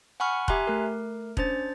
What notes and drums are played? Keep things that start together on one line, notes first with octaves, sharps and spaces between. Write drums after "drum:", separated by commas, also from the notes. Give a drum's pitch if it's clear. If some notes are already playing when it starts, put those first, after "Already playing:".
F#5 G#5 B5 C#6 F6
G4 E5 G#5 A#5 C6 F#6, drum: kick E1
A3 A#4
C#4 D4 C5 A6, drum: kick E1